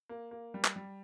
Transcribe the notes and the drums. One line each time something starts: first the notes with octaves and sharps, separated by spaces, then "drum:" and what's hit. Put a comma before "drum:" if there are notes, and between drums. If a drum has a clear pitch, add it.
A#3
A#3
G3
drum: clap
G3